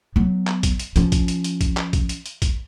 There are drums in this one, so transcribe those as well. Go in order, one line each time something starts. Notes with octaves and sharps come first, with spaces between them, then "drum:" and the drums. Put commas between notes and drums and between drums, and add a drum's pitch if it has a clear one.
F#3 B3
drum: clap
drum: kick A#1, hi-hat
drum: hi-hat
F3 C#4, drum: hi-hat
drum: kick A#1, hi-hat
drum: hi-hat
drum: hi-hat
drum: kick A#1, hi-hat
drum: clap
drum: kick A#1, hi-hat
drum: hi-hat
drum: hi-hat
drum: kick A#1, hi-hat